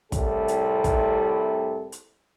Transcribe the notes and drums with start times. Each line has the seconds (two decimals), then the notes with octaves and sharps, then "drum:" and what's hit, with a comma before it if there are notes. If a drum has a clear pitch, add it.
0.12 C2 A2 C3 G3 A4, drum: kick, hi-hat
0.48 drum: hi-hat
0.84 drum: kick, hi-hat
1.92 drum: hi-hat